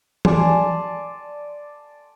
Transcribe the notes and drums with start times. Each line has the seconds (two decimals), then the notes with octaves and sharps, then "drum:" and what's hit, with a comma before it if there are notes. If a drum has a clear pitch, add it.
0.25 D5 G#5 A5 C6, drum: tom E3